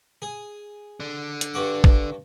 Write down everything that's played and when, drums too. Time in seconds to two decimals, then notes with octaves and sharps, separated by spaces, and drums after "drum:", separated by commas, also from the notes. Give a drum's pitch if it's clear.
0.22 G#4
1.00 D3
1.41 drum: hi-hat
1.54 G2 F#4 D6
1.84 drum: kick A1